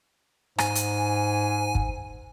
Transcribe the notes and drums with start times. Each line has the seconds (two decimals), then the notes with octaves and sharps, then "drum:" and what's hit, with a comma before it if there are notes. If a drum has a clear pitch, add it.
0.59 G#2 G#5, drum: rim click
0.75 drum: hi-hat
1.75 drum: kick